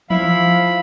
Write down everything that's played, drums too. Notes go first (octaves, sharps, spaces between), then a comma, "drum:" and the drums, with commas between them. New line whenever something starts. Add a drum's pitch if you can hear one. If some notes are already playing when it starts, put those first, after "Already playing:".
F3 E4 F5 B5, drum: tom E3